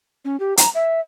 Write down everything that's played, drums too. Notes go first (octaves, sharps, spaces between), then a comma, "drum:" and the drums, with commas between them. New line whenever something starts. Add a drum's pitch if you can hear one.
C#4
G4
A#5, drum: hi-hat
E5